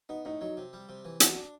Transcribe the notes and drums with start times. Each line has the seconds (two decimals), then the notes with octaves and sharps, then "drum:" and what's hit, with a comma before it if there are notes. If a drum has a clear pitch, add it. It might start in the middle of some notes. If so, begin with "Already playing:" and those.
0.09 B3 D#4
0.25 A2 D#4
0.41 F#3 D#4
0.57 C3
0.73 G3
0.89 C3
1.05 E3
1.20 F#3, drum: hi-hat
1.36 D4